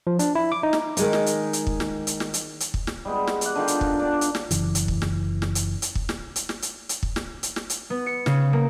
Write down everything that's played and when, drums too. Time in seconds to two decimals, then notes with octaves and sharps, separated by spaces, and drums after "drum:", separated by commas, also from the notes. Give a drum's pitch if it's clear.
0.07 F3
0.19 D4, drum: hi-hat
0.35 E4
0.52 D6
0.63 D#4
0.73 drum: snare
0.97 D#3 G#3 D#4, drum: hi-hat
1.13 drum: snare
1.26 drum: hi-hat
1.53 drum: hi-hat
1.67 drum: kick
1.80 drum: snare
2.07 drum: hi-hat
2.20 drum: snare
2.34 drum: hi-hat
2.60 drum: hi-hat
2.74 drum: kick
2.87 drum: snare
3.05 G3 G#3 B3
3.27 drum: snare
3.41 D5 F#5, drum: hi-hat
3.55 D3 D#3 F4 G4
3.68 drum: hi-hat
3.81 drum: kick
3.99 D4 D5
4.21 drum: hi-hat
4.35 drum: snare
4.51 F#1 F#2 C#3 E3, drum: hi-hat
4.75 drum: hi-hat
4.88 drum: kick
5.02 drum: snare
5.42 drum: snare
5.55 drum: hi-hat
5.82 drum: hi-hat
5.95 drum: kick
6.09 drum: snare
6.36 drum: hi-hat
6.49 drum: snare
6.62 drum: hi-hat
6.89 drum: hi-hat
7.03 drum: kick
7.16 drum: snare
7.43 drum: hi-hat
7.56 drum: snare
7.70 drum: hi-hat
7.90 B3
8.06 C#7
8.26 C#3, drum: snare
8.53 A#3